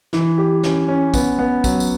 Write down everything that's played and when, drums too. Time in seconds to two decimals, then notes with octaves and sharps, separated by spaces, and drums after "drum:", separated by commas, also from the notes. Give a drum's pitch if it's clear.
0.13 E3, drum: snare
0.38 G4
0.63 C#4, drum: snare
0.88 C#4
1.14 B3, drum: kick, tambourine
1.39 B3
1.64 F#3, drum: kick, tambourine
1.80 drum: tambourine